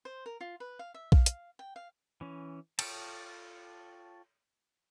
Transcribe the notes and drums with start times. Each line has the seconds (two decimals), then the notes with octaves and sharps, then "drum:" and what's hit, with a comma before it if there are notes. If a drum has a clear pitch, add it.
0.05 C5
0.26 A#4
0.41 F4
0.60 B4
0.79 F5
0.94 E5
1.12 F5, drum: kick A#1
1.26 drum: hi-hat
1.59 G5
1.76 F5
2.21 E3 C#4
2.79 F4 A4 C#5 G5 A5, drum: cymbal